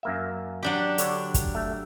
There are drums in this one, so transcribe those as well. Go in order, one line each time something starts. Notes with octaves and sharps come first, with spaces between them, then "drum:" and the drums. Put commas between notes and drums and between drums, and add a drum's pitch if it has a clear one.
F#2 A#3 E5
F#3 D4 G4
D3 C#5, drum: hi-hat
drum: kick, hi-hat
A3